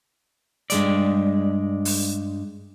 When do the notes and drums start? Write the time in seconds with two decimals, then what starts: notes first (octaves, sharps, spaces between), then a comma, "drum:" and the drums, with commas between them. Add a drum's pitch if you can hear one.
0.70 G2 G#3 D5, drum: hi-hat
1.85 drum: open hi-hat